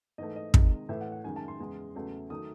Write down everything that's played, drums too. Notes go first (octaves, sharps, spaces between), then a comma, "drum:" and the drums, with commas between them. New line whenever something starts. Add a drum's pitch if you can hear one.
G#2 E3 A3 D#5
D#5
C3 D#3 G#3, drum: kick
A2 E3 A3 E5
F#5
F#5
F#2 D#3 G#3 G#5
A5
C6
E2 C#3 G#3
E2 C#3 F#3 A3
D#3 F#3 A3 D#6